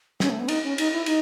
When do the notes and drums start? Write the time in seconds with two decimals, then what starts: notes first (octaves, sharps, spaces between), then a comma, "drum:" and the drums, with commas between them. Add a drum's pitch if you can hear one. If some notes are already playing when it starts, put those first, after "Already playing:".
0.20 C#4, drum: snare
0.30 A3
0.40 B3
0.48 D#4, drum: cymbal
0.64 C#4
0.78 D#4, drum: cymbal
0.92 E4
1.06 D#4, drum: cymbal